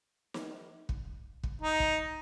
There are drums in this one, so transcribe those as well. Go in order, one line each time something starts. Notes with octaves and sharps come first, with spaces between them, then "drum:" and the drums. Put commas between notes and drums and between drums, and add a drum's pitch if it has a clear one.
drum: snare
drum: kick
drum: kick
D#4
drum: kick